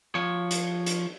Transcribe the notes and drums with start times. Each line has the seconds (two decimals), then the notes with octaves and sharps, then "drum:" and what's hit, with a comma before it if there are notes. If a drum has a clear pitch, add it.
0.15 F3 C#5
0.51 drum: hi-hat
0.86 drum: hi-hat